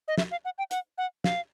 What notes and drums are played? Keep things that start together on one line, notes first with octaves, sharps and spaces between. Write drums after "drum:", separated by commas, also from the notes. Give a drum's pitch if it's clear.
D#5
E5, drum: snare
F5
F#5
G5
F#5, drum: hi-hat
F#5
F5, drum: snare